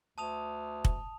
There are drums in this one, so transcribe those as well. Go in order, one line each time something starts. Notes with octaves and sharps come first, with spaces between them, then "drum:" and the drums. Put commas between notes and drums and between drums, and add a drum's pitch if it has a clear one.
D2 A5 D#6 F7
drum: kick